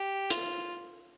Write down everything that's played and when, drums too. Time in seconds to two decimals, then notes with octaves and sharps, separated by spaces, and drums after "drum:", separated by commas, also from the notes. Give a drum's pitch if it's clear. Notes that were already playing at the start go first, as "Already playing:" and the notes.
Already playing: G4
0.30 F4, drum: hi-hat